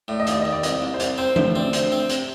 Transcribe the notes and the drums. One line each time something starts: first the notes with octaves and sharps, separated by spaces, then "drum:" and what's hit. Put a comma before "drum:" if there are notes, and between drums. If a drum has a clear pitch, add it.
A2 D5
D#5
D#2 D5, drum: hi-hat
D#2 D#5
D5
C2 D#5, drum: hi-hat
D5
C2
C5
C2 D5, drum: hi-hat
C4 C5
A1 C5, drum: tom E3
C4 D5
D2 C5, drum: hi-hat
C4
C3, drum: hi-hat